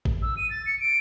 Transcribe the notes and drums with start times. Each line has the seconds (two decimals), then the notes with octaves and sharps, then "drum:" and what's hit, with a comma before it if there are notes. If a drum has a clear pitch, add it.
0.05 drum: kick A1
0.22 E6
0.37 D#7
0.50 A6
0.66 C#7
0.80 D7